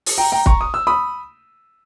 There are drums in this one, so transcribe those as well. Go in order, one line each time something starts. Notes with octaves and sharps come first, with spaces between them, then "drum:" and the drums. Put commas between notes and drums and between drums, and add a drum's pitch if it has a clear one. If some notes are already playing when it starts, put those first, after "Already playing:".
drum: open hi-hat
G5 A#5
G5 A#5
A#5 C#6, drum: kick
D#6
E6
B5 D#6